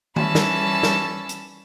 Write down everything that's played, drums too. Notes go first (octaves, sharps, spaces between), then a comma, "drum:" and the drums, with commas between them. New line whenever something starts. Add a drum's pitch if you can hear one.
E3 G3 C#4 A5 B5 E6, drum: tom D#3
drum: snare
drum: snare
drum: hi-hat